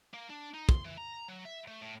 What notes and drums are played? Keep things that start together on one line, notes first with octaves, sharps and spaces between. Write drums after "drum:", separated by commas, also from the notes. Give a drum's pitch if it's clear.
A#3
D4
D#4
C6, drum: kick
E3
A#5
F#3
E5
A3
A2